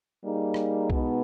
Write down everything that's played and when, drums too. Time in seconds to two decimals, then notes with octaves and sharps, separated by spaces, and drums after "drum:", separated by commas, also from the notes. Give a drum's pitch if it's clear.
0.23 G3 A#3 D#4 G#4
0.54 drum: rim click
0.90 B2 G#3 B3 D#4, drum: kick B1